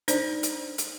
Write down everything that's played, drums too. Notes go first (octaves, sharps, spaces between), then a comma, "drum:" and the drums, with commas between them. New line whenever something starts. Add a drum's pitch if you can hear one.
D4 D#4 C5 D5, drum: hi-hat
drum: hi-hat
drum: hi-hat